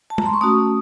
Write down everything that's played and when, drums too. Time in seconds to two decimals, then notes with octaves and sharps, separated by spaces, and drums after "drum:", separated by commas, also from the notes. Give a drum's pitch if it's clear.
0.10 A5
0.18 A#5, drum: tom
0.26 C6
0.33 C#6
0.41 A3 C#4 F#4 D#6